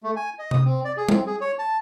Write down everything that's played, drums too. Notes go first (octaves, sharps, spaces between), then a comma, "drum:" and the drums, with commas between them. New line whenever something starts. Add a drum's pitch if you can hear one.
A3
G#5
D#5
D#6, drum: tom C3
C4
D5
G#4
C4, drum: tom G3
G#4
C#5
A5